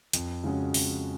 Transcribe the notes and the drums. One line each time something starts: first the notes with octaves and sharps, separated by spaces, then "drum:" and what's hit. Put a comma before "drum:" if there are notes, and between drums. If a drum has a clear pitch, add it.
F2, drum: hi-hat
C#3 G#3 C#4 F#4
F2, drum: open hi-hat